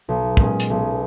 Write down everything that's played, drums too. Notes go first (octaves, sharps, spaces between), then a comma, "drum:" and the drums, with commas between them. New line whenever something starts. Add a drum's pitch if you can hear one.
B1
A#2 G#3 C#4, drum: kick
drum: hi-hat
B1